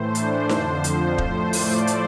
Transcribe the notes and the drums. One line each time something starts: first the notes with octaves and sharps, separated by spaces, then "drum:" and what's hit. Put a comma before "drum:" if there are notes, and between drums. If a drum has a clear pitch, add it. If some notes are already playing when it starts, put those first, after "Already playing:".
Already playing: A2 E3 A3 C5
D4, drum: hi-hat
F2 D3 F3 C5, drum: snare D#4
drum: hi-hat
A2 F3 A3 C5, drum: kick E1
D5, drum: open hi-hat
drum: hi-hat